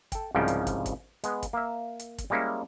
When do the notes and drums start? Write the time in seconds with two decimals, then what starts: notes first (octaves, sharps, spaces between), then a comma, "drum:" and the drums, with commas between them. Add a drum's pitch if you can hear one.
0.12 A4 G5, drum: kick, hi-hat
0.35 C2 G#2 C#3 F3 G3 G5
0.48 drum: hi-hat
0.67 drum: kick, hi-hat
0.86 drum: kick, hi-hat
1.24 G#3 B3, drum: hi-hat
1.43 drum: kick, hi-hat
1.53 A#3 E5
1.99 drum: hi-hat
2.18 drum: kick, hi-hat
2.30 G3 G#3 A#3 C#4 E4